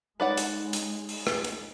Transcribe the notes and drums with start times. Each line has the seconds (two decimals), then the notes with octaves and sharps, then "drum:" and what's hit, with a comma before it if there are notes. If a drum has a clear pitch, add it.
0.20 G#3 D#4 B4 C#5 D5 F#5
0.37 drum: hi-hat
0.73 drum: hi-hat
1.09 drum: open hi-hat
1.27 drum: rim click
1.44 drum: hi-hat